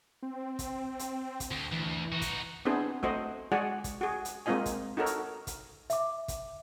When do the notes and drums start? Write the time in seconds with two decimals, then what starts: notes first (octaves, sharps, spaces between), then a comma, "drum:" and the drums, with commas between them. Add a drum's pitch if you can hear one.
0.23 C4
0.59 drum: kick, hi-hat
0.99 drum: hi-hat
1.40 drum: kick, hi-hat
1.51 D2
1.72 D2 E3
2.12 D#4 F#4
2.21 drum: kick, hi-hat
2.65 B3 C4 D4 E4 G#4 C5
3.03 A3 F#4 C5 D#5, drum: kick
3.52 G#3 F#4 G#4 D5 F#5 G#5
3.84 drum: kick, hi-hat
4.01 F#4 G#4
4.25 drum: hi-hat
4.46 G#3 A#3 C4 F4 D#5 G#5
4.66 drum: kick, hi-hat
4.97 D#4 F#4 A4 A#4 C#5
5.06 drum: hi-hat
5.47 drum: kick, hi-hat
5.90 E5 D6, drum: hi-hat
6.28 drum: kick, hi-hat